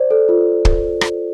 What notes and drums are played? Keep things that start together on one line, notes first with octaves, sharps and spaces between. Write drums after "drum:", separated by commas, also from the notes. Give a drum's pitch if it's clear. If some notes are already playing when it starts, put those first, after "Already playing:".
Already playing: C5 D5
A4
F4
drum: kick
drum: rim click